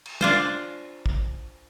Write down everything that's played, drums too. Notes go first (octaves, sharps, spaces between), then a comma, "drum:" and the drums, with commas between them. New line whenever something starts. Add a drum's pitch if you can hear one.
drum: cymbal
D4 F4 C5, drum: tom
drum: kick